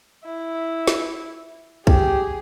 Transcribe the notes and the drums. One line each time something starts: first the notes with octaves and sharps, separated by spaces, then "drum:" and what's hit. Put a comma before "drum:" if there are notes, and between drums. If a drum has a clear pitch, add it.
E4
drum: snare
G4 G#4, drum: kick